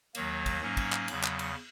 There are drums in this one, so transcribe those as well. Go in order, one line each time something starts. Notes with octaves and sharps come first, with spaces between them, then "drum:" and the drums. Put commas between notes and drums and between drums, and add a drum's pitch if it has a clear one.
D#2 D#3 F#3 A#3, drum: cymbal
drum: kick, cymbal
G#2 F#3 A#3 C#4
drum: kick, cymbal
drum: clap
E2 C#3 F#3, drum: cymbal
drum: clap
drum: cymbal